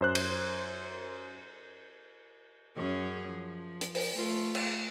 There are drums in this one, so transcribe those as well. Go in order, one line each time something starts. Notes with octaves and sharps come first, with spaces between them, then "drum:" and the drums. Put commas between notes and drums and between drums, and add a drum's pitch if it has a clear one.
F#2 C5 F#6
drum: cymbal
F#2 C#4 G#4
F3
drum: hi-hat
drum: open hi-hat
A3 F4
drum: cymbal